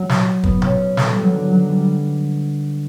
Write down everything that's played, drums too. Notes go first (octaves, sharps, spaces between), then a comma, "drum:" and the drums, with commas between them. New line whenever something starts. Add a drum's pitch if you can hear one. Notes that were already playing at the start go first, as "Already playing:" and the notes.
Already playing: F#3
drum: snare
B3, drum: kick
C#4, drum: tom B2
A3, drum: snare
G3
F#3
D3
F#3
G3